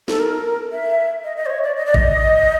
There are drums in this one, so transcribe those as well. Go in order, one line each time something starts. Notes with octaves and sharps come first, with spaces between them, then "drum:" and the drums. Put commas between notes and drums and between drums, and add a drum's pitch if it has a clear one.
A4, drum: snare
A#4
E5
D#5
D#5
C5
C#5
D5
D#5
D5
D#5, drum: kick A1